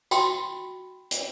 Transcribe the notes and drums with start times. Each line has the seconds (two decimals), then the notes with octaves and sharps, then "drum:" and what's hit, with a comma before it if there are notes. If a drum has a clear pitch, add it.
0.11 F#4 G5 B5 C6, drum: tambourine
1.11 drum: hi-hat